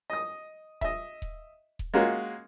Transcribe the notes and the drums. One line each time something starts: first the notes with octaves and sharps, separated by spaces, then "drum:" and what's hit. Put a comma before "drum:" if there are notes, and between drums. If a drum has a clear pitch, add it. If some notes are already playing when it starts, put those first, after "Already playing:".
D#5 D#6
D#5 E5, drum: kick D#1
drum: kick D#1
drum: kick D#1
G#3 A#3 C#4 F4 F#4